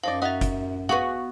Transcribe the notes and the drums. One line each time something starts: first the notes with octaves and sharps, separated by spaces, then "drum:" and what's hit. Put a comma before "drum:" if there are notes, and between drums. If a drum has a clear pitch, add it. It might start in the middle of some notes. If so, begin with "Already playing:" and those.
F#2 F3 D#4 D5 F5
D#4 F#4 D#5 E5 F#5
drum: kick F#1, hi-hat
B3 F#4 G#4 F5 C#6